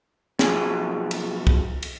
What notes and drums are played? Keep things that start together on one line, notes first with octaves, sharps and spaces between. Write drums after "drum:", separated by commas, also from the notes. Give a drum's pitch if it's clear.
B1 F3 G#4, drum: snare
drum: cymbal
drum: kick
drum: cymbal